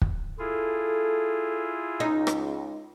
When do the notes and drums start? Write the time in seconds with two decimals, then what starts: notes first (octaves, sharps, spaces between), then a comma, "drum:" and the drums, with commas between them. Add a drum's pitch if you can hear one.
0.01 drum: kick
0.39 E4 F4 G#4 A4
2.00 C#2 D#4
2.27 drum: rim click